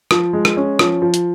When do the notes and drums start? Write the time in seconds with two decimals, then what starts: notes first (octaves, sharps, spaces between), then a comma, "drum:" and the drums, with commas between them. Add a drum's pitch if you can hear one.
0.11 F3, drum: rim click
0.33 G#3
0.45 drum: rim click
0.57 C#4
0.79 F3, drum: rim click
1.02 F3
1.14 drum: hi-hat